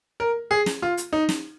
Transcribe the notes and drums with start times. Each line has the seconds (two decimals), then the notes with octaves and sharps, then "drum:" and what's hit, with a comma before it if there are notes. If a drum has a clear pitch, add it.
0.20 A#4
0.51 G#4
0.66 drum: snare
0.82 F4
0.97 drum: hi-hat
1.13 D#4
1.29 drum: snare